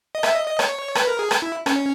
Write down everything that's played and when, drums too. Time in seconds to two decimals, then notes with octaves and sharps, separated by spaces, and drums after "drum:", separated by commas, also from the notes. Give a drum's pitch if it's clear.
0.15 D#5
0.23 E5, drum: rim click
0.35 D#5
0.47 D#5
0.59 C#5, drum: rim click
0.95 B4, drum: rim click
1.07 A#4
1.19 G#4
1.31 drum: rim click
1.42 E4
1.66 C#4, drum: rim click